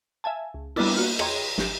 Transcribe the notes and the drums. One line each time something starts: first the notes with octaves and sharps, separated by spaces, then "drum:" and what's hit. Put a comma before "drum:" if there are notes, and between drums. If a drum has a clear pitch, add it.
E5 F5 G#5 A5
C#2
G3 A#3 B3 D4 E4, drum: cymbal
A#3 F4 F#4
G#4 C#5 D#5 G5 A#5 C6, drum: rim click
G#1 G4 E7, drum: snare